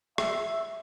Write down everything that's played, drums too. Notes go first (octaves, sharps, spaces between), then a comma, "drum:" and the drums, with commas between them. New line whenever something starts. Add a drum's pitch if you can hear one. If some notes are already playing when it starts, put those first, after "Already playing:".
E5, drum: rim click